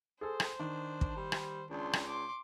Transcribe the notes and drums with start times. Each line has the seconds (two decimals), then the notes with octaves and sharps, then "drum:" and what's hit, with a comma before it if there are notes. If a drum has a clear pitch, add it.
0.21 G#4 A4 C5
0.40 drum: rim click
0.59 D#3 D4
1.01 drum: kick
1.17 G3
1.32 drum: rim click
1.70 C#2 D4 C6
1.93 drum: rim click
2.08 C6 D6